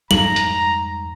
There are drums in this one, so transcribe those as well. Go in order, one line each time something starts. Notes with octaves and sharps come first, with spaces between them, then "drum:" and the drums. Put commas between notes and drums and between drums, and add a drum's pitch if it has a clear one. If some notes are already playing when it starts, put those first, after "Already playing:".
F2 G#2 G3 A#5 F#7, drum: snare
drum: hi-hat